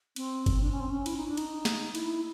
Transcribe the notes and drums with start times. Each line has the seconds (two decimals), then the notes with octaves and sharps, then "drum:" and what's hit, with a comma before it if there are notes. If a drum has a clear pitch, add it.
0.16 C4, drum: cymbal
0.46 drum: kick G1, cymbal
0.61 D4
0.71 C#4
0.80 C4
0.90 C#4
1.06 E4, drum: cymbal
1.17 D#4
1.27 D4
1.37 D#4, drum: cymbal
1.65 drum: snare
1.95 E4, drum: cymbal